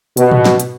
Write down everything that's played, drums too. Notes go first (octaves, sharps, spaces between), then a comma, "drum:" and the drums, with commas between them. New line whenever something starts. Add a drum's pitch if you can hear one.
B2, drum: hi-hat
drum: tom
drum: snare
drum: hi-hat